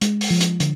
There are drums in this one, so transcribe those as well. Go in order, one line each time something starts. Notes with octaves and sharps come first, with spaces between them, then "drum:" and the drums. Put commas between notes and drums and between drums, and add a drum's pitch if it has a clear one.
G#3, drum: hi-hat
drum: open hi-hat
F3
drum: hi-hat
D3, drum: hi-hat